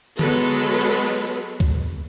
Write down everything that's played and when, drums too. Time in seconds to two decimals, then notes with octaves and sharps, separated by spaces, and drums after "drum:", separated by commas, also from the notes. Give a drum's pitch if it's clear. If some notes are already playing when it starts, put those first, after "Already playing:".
0.19 F#3 G#3 B3 A4 B4, drum: tom D3
0.81 drum: cymbal
1.60 drum: kick C#2